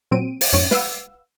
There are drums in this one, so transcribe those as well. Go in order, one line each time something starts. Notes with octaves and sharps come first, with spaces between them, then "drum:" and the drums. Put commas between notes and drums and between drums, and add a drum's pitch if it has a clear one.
A#2 F#3 C4 D7 D#7
drum: open hi-hat
F2 G#2 C#4 C#5
B4 F5 F#5 E6, drum: snare